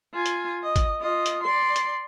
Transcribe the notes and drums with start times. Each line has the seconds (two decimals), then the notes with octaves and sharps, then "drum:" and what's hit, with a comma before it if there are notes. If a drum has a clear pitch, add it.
0.14 F4 G#5
0.26 drum: hi-hat
0.63 D#5
0.76 drum: kick, hi-hat
1.01 F4 D#5
1.26 drum: hi-hat
1.43 D5 C6
1.76 drum: hi-hat